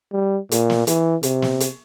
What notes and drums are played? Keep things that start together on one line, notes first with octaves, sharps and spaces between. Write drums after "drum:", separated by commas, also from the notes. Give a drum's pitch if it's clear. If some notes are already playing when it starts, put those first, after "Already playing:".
G3
A#2, drum: hi-hat
drum: snare
E3, drum: hi-hat
C3, drum: hi-hat
drum: snare
drum: hi-hat